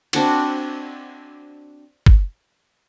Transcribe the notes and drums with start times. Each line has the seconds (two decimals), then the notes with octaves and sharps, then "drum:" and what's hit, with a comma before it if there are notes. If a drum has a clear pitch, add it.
0.13 C4 D4 F#4 F#5, drum: cymbal
2.06 drum: kick